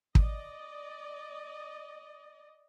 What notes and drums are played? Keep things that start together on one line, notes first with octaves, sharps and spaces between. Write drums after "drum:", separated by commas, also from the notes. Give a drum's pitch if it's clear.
D5 D#5, drum: kick